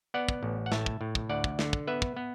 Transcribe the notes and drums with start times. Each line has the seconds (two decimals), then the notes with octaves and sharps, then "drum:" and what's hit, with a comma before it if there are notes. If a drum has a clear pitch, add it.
0.14 B3 D5 F#5
0.29 drum: kick
0.43 A1
0.66 F#5
0.72 A2 E5 A5, drum: snare
0.86 drum: kick
1.01 A2
1.15 drum: kick
1.30 D2 D5 F#5
1.44 drum: kick
1.59 D3, drum: snare
1.73 drum: kick
1.87 B3 B4 E5
2.02 drum: kick
2.17 B3